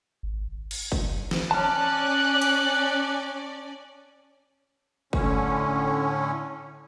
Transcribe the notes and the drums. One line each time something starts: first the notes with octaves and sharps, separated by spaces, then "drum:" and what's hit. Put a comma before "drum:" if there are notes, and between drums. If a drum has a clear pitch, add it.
G#1
drum: cymbal
drum: kick F#1
drum: snare
C#4 D5 A5 F6 F#6
drum: hi-hat
A2 D3 C#4, drum: kick F#1